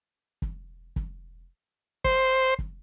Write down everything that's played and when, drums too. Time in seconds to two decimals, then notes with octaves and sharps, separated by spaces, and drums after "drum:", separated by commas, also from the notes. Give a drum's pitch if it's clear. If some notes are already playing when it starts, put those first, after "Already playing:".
0.42 drum: kick
0.96 drum: kick
2.04 C5, drum: kick
2.59 drum: kick